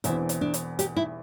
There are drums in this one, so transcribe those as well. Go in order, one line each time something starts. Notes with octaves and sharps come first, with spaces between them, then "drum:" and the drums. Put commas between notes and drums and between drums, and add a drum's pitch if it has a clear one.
E1 E2 E3 C4 E4, drum: hi-hat
drum: hi-hat
D4
drum: hi-hat
G4, drum: hi-hat
E4